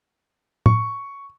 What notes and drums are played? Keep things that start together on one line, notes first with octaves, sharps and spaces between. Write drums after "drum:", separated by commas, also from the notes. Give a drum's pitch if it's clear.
C#6, drum: tom